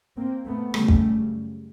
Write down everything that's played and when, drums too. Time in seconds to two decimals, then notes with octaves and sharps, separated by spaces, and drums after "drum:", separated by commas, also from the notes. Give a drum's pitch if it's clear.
0.17 A#3 C4
0.45 A3 B3
0.74 F#2 C#3 G3 A3, drum: rim click
0.88 drum: kick